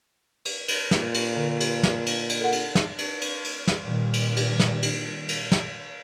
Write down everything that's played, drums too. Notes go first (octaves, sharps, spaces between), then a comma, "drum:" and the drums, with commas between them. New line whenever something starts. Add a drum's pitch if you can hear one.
drum: cymbal
drum: cymbal
A#2, drum: snare
drum: cymbal
D3 A4
drum: cymbal
drum: snare
drum: cymbal
drum: cymbal
A4 A#4 F#5
drum: cymbal
drum: snare
drum: cymbal
drum: cymbal
drum: cymbal
drum: snare
A#2 D#3 G3
drum: cymbal
drum: cymbal
drum: snare
drum: cymbal
drum: cymbal
drum: snare